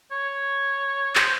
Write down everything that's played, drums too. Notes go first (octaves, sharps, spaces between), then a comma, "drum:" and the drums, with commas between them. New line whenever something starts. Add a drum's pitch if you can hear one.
C#5
C5, drum: clap